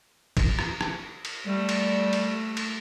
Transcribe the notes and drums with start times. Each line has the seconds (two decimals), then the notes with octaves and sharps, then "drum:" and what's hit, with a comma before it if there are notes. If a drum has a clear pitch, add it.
0.37 drum: kick, cymbal
0.59 drum: rim click
0.81 drum: rim click
1.25 drum: cymbal
1.47 G3 A3
1.69 drum: cymbal
2.13 drum: cymbal
2.57 drum: cymbal